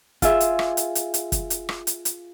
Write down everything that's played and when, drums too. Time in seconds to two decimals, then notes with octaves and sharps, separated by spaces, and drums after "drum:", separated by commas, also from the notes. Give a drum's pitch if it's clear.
0.22 F4 G#4 E5, drum: kick, hi-hat
0.40 drum: hi-hat
0.59 drum: rim click
0.77 drum: hi-hat
0.95 drum: hi-hat
1.14 drum: hi-hat
1.32 drum: kick, hi-hat
1.50 drum: hi-hat
1.69 drum: rim click
1.87 drum: hi-hat
2.05 drum: hi-hat